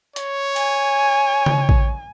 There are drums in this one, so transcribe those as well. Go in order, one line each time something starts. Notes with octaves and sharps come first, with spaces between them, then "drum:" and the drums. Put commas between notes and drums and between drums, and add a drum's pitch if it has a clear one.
C#5, drum: hi-hat
G#5, drum: hi-hat
drum: tom C#3
drum: kick A1